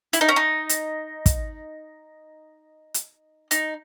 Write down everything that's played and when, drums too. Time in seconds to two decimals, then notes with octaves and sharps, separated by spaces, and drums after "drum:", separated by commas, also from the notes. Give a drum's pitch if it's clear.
0.13 E4, drum: hi-hat
0.21 D#4
0.29 C#4
0.36 D#4
0.69 drum: hi-hat
1.26 drum: kick, hi-hat
2.94 drum: hi-hat
3.51 D#4, drum: hi-hat